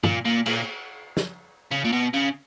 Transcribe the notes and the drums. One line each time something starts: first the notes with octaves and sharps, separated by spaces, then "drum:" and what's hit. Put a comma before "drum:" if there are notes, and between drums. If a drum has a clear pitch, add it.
A#2, drum: tom
A#2
A#2, drum: cymbal
drum: snare
C#3
A#2
B2
C#3